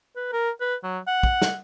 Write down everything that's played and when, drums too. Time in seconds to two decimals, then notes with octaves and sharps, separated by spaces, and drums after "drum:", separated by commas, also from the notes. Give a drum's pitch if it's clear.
0.16 B4
0.33 A#4
0.61 B4
0.84 F#3
1.07 F#5
1.23 drum: kick
1.42 drum: snare